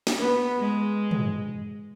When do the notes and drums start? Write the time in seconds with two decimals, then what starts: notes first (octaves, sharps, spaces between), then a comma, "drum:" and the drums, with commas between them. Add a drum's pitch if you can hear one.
0.07 drum: snare
0.19 B3
0.59 G#3
1.11 drum: tom